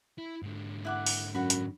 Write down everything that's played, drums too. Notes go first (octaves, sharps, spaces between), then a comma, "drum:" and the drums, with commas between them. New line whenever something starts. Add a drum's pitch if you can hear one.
E4
G#2 D3
E4 F#5 D6
drum: open hi-hat
F#2 F#4 B5
drum: hi-hat